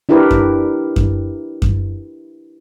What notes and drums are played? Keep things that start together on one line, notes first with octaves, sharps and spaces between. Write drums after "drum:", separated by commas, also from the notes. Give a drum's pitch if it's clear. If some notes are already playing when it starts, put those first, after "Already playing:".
D4 E4 G4 A#4 B4
drum: kick F#2
drum: kick F#2
drum: kick F#2